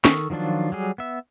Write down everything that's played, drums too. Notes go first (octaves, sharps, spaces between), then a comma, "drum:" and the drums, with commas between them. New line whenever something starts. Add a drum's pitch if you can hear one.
D#3 A4 A#4 C#6 D#6, drum: snare
D#3 F3 F#3 D4 F4
F#3 G3 G#4
B3 E5